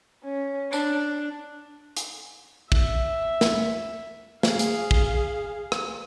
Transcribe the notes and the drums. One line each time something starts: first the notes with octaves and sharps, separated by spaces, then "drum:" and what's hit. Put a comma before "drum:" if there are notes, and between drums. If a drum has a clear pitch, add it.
C#4
D4, drum: tambourine
drum: hi-hat
E5, drum: kick
drum: snare
G#4 F5, drum: snare
drum: hi-hat
drum: kick
drum: rim click